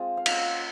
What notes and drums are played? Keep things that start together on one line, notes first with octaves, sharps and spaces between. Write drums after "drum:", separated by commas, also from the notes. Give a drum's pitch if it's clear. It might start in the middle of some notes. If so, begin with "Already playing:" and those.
Already playing: G#3 C4 F4
F5
A#3 C#4 F4 F#5, drum: cymbal